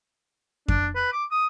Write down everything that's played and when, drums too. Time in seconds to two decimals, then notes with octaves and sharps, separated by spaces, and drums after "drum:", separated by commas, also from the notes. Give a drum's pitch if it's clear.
0.68 D4, drum: kick F2
0.95 B4
1.12 D6
1.31 D#6